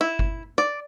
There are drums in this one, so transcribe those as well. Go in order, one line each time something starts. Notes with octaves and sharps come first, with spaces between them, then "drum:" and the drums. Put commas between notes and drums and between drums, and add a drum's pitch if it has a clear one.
E4
drum: kick G1
D5